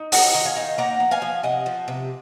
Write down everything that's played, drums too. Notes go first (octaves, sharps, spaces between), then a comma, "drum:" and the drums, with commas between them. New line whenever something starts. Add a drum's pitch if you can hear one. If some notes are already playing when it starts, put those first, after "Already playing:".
Already playing: D#4
D#3 F#5 A#5, drum: open hi-hat
D#3
F5 G#5
D#4
A#3 F#5 A#5
F3
F5 G#5
F3
C3 D#5 F#5
F3
C3